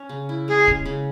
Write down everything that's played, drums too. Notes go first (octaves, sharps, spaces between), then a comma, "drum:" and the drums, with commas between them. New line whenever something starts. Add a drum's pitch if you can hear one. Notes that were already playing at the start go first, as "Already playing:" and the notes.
Already playing: C#4
C#3
E4
G#3 G#4
C#4, drum: kick
C#3